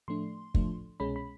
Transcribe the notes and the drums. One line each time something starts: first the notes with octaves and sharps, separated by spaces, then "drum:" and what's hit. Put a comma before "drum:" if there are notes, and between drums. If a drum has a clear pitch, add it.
A2 F3 A3 D4 C6
A2 F3 A3 D4, drum: kick
C2 B2 G#3 C#4 B5
B5